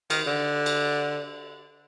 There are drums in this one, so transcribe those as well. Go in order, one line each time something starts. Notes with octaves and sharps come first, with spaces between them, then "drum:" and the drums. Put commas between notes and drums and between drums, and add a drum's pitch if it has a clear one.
D#3, drum: cymbal
D3
drum: cymbal